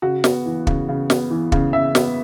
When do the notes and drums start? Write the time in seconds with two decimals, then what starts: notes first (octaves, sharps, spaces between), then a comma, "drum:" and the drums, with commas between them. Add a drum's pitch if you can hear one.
0.02 C#3 F#4
0.24 B3, drum: snare
0.46 E3
0.67 C#3, drum: kick
0.89 C#3
1.10 B3, drum: snare
1.31 E3
1.52 C#3, drum: kick
1.73 C#3 E5
1.95 B3, drum: snare